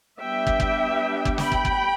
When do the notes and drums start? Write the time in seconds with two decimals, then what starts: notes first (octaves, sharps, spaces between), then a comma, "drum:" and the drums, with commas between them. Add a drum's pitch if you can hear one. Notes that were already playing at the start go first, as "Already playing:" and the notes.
0.20 G3 B3 D4 E5 G5
0.47 drum: kick
0.60 drum: kick
1.25 drum: kick
1.38 G5 B5, drum: snare
1.52 drum: kick
1.65 drum: kick